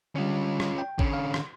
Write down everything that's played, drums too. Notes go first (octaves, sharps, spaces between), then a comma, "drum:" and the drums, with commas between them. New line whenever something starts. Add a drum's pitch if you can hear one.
D3 G3 C#4 F4
drum: rim click
G5
D3 C#4, drum: kick A1
F5
drum: rim click